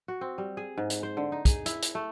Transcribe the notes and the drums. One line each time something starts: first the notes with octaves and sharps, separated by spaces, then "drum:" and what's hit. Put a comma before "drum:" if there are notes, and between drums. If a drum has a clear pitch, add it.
F#4
C4
G3
G#4
G#2
drum: hi-hat
C5
D3
D#4
G#4, drum: kick, hi-hat
E4, drum: hi-hat
drum: hi-hat
A3